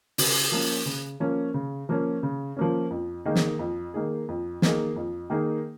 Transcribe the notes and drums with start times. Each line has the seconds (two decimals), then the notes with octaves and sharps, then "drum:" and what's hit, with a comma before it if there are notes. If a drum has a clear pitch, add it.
0.18 C#3, drum: open hi-hat
0.52 F3 A#3 C#4
0.86 C#3
1.20 F3 A#3 C#4
1.54 C#3
1.89 F3 A#3 C#4
2.23 C#3
2.57 F3 A#3 C#4
2.90 F2
3.25 D#3 A#3 D#4 G#4
3.35 drum: snare
3.59 F2
3.94 D#3 A#3 D#4 G#4
4.28 F2
4.62 D#3 A#3 D#4 G#4, drum: snare
4.96 F2
5.30 D#3 A#3 D#4 G#4